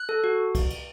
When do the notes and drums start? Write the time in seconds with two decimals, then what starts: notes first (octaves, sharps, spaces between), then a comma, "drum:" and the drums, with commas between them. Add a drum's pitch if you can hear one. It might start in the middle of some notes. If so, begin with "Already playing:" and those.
Already playing: F#6
0.09 A4
0.24 F#4
0.55 drum: kick, cymbal
0.70 drum: cymbal